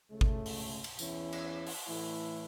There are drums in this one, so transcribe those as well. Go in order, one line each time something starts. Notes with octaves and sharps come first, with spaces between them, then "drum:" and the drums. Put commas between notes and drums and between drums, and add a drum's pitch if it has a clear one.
C#2 C#3 A3
drum: kick G#1
drum: open hi-hat
drum: cymbal
E2 E3 C#4 E4, drum: tambourine
drum: cymbal
drum: open hi-hat
A2 E3 A3 E4